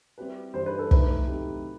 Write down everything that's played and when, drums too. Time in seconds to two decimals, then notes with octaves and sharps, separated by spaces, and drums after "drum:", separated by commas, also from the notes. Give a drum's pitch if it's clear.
0.18 G3 C4 E4 G4 B4
0.54 G2 E3 G3 C5
0.66 B4
0.79 A4
0.91 A2 E3 A3 D#4 B4, drum: kick
1.27 C3 F#3 A3 D#4 G4